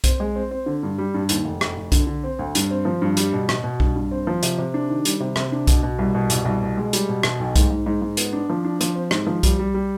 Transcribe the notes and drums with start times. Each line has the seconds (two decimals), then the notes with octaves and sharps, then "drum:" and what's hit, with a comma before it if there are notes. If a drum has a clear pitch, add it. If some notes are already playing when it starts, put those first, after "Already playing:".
0.04 C4, drum: kick B1, hi-hat
0.20 G#3
0.36 C4
0.51 C4
0.66 D3
0.83 G2
0.98 G3
1.14 G2
1.29 D#2, drum: hi-hat
1.45 F1
1.61 F1, drum: rim click
1.77 F1
1.92 D3, drum: kick B1, hi-hat
2.07 D3
2.24 C4
2.39 D2
2.55 G2, drum: hi-hat
2.71 C4
2.85 F3
3.02 G2
3.17 G3, drum: hi-hat
3.33 B2
3.49 B2, drum: rim click
3.63 B2
3.80 G2, drum: kick B1
3.96 G2
4.11 C4
4.27 F3
4.43 C3, drum: hi-hat
4.58 C3
4.74 D4
4.89 D#3
5.05 G3, drum: hi-hat
5.20 C3
5.36 C3, drum: rim click
5.52 D4
5.67 B2, drum: kick B1, hi-hat
5.83 B2
5.98 C2
6.14 B2
6.30 C2, drum: hi-hat
6.45 C2
6.62 B2
6.77 G#3
6.93 G3, drum: hi-hat
7.09 B2
7.23 B2, drum: rim click
7.39 B1
7.56 G#2, drum: kick B1, hi-hat
7.70 G#2
7.86 G#2
8.02 G#2
8.17 B3, drum: hi-hat
8.33 D4
8.50 F3
8.65 D4
8.81 F3, drum: hi-hat
8.95 C4
9.11 G#2, drum: rim click
9.27 F3
9.43 G3, drum: kick B1, hi-hat
9.59 G3
9.74 G3